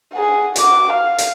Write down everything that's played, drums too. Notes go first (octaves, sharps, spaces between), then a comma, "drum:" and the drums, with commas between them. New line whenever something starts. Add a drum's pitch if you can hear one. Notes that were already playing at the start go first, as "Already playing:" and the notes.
G#4 F#5
F#4 D6, drum: hi-hat
F5
drum: hi-hat